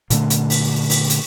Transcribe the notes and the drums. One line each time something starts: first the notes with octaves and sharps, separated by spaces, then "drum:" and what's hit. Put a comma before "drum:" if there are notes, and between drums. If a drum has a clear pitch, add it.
A#2 D3 A3, drum: hi-hat
drum: hi-hat
drum: open hi-hat
drum: open hi-hat
drum: hi-hat